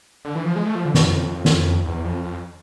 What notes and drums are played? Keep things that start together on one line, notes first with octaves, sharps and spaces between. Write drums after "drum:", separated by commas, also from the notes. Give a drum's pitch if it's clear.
D3
E3
F3
G#3
A3
F3
D3
B2, drum: snare
F2
drum: snare
E2
F2
F2